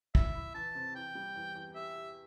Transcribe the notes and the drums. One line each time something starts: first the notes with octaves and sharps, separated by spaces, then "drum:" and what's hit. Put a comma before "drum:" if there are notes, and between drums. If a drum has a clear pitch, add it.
E4 E5, drum: kick
E4
E3 A5
C3
E2 G5
G3
E2
E2
G4 E5
G4